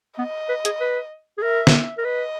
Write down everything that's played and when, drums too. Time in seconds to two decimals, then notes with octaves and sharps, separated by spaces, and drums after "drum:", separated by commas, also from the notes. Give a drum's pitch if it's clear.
0.18 B3 D#5
0.49 B4
0.65 G#4, drum: hi-hat
0.81 B4
1.38 G#4
1.42 A#4 E5
1.67 drum: snare
1.98 A#4
2.04 B4 D#5